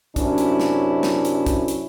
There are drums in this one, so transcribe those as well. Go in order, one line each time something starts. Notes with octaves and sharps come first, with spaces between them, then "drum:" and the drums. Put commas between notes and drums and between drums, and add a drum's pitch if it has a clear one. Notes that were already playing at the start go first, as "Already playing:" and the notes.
F#2 C3 F#3 C#4 D4 E4, drum: kick, hi-hat
drum: hi-hat
drum: snare
drum: snare
drum: hi-hat
drum: kick, hi-hat
drum: hi-hat